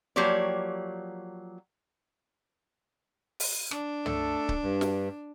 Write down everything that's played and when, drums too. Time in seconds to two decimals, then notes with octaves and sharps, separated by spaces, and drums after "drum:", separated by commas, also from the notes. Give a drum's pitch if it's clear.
0.16 F3 F#3 A#3 G4 C#5 D5
3.40 drum: open hi-hat
3.71 D4, drum: rim click
4.06 A3 A4, drum: tom
4.49 drum: kick C#1
4.62 G2
4.81 drum: snare